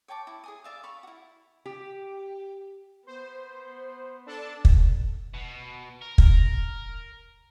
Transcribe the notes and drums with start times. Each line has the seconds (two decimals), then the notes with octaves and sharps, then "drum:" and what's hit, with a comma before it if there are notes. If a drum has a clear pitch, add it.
0.08 C#5 G5 A5 D6
0.27 E4
0.44 G#4 G#5 D#6
0.64 D5 E5 F5
0.83 F5 B5 C#6
1.03 E4 F#4
1.66 G4
3.07 B3 C5
4.26 D4 A4 A5
4.65 drum: kick
5.34 B2
6.02 A#4
6.18 drum: kick